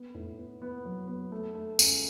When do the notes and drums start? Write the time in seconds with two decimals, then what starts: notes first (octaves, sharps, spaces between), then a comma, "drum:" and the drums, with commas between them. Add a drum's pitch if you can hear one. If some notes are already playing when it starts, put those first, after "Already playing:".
Already playing: B3
0.15 A2
0.38 B3
0.62 B3
0.85 F#3
1.08 B3
1.32 A3
1.55 A3
1.79 C#2, drum: tambourine